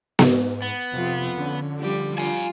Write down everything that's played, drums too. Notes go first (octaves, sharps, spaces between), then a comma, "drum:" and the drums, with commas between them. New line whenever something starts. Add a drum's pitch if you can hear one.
G#2, drum: snare B3
B3
F2 C3 F4
D3 C#4
F3 G3 G4
F4 F5 G#5